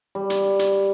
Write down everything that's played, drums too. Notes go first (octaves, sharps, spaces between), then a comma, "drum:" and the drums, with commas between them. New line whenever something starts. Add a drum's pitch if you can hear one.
G3
drum: hi-hat
drum: hi-hat